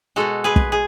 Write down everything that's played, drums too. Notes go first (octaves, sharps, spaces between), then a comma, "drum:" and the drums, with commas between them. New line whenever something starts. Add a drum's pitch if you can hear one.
B2 G#3 F#4 A4
G#4 B4
drum: kick
G#4